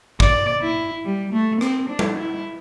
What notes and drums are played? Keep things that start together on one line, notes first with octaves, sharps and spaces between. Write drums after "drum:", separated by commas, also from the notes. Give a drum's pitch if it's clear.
D5, drum: kick
E4
G3
A3
C4, drum: rim click
D4
drum: tom G3
E4